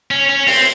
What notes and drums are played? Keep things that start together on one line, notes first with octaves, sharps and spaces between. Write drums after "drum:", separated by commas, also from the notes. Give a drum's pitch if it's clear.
C#4
C#4
C4, drum: open hi-hat